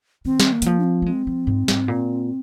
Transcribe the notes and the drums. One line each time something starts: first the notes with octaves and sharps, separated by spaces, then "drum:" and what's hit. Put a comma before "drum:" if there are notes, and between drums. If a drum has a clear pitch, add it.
D#3 C4
drum: snare
A#3
D#3, drum: hi-hat
F3
D4
C4
A#3
G#3 C4
F3
G#2
G#2, drum: snare
A#2